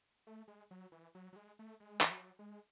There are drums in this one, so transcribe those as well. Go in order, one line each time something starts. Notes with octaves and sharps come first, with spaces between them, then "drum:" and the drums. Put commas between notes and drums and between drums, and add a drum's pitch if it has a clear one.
A3
G#3
F#3
E3
F#3
F#3
G#3
A3
G#3
E3, drum: clap
F#3
G#3